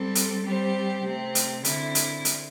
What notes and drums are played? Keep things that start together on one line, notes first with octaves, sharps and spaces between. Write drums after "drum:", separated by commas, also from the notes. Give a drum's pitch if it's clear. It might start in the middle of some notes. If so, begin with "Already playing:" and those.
Already playing: G3 C4 A4
drum: hi-hat
G3 C4 G4 C5
C3 A3 C4
drum: hi-hat
D3 C4 E4, drum: hi-hat
drum: hi-hat
drum: hi-hat